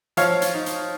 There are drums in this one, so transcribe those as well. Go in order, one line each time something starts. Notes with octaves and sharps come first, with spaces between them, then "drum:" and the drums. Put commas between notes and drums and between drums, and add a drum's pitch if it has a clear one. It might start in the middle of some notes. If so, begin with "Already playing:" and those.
F3 C#5 F5, drum: hi-hat
drum: hi-hat
D#4
drum: hi-hat